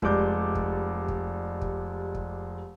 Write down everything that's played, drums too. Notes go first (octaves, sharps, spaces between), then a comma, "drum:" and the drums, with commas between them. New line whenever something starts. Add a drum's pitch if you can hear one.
F1 G3 G#3 D5 D6 G6, drum: kick
drum: kick
drum: kick
drum: kick
drum: kick